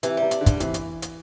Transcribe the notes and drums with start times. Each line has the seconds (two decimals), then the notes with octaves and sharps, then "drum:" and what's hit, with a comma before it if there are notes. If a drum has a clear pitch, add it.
0.03 C3 E3, drum: hi-hat
0.17 C3 G3
0.31 D4, drum: hi-hat
0.41 D3
0.46 G3, drum: kick, hi-hat
0.60 C3 E3, drum: hi-hat
0.74 drum: hi-hat
1.02 drum: hi-hat